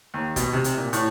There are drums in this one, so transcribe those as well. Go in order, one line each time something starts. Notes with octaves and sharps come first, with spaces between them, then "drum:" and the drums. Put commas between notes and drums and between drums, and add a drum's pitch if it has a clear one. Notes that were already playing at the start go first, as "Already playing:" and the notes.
D#2
B2, drum: kick, hi-hat
C3
drum: hi-hat
A#2
A2, drum: hi-hat